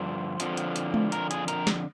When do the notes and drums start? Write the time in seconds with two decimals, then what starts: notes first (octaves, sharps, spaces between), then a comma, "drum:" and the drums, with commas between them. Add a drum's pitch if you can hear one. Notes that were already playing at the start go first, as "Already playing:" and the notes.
Already playing: G2 D3 F3 C5
0.40 F2 D3 F3, drum: hi-hat
0.57 drum: hi-hat
0.76 drum: hi-hat
0.94 drum: tom G#3
1.12 A#4, drum: hi-hat
1.31 G#4, drum: hi-hat
1.48 A#4, drum: hi-hat
1.67 drum: snare